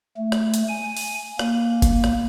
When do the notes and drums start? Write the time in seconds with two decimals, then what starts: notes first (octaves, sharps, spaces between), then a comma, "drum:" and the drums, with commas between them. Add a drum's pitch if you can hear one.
0.17 A3
0.32 drum: rim click
0.54 drum: hi-hat
0.69 G#5
0.97 drum: open hi-hat
1.39 A#3, drum: rim click
1.82 drum: kick F#1, hi-hat
2.04 drum: rim click